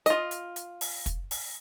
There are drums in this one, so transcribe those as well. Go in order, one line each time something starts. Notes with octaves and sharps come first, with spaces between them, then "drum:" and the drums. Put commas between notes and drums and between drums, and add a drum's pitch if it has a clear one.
F4 D#5, drum: hi-hat
drum: hi-hat
drum: hi-hat
drum: open hi-hat
drum: kick, hi-hat
drum: open hi-hat